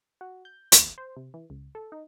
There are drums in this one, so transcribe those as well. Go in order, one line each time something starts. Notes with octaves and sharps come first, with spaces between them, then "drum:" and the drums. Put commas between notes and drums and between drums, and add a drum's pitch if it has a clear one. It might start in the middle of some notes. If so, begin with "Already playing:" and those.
F#4
G6
D#2, drum: hi-hat
C5
C3
E3
C#2
A4
D#4